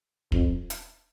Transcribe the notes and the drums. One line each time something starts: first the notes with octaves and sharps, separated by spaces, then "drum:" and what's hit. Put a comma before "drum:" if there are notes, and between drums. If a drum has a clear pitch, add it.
F2, drum: kick
drum: hi-hat